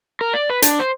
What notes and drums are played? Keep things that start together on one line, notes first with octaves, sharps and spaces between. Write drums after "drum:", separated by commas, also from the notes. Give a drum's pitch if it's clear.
A#4
D5
B4
D4, drum: hi-hat
C5